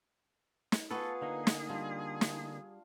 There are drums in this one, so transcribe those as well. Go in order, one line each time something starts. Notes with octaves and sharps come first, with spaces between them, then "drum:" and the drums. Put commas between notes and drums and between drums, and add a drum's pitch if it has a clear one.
drum: snare
B3 F4 G#4 A4 B4 F5 F#5 C#6
D3 A#3 D#4 F5 F#5
drum: snare
G3 D4 F4
drum: snare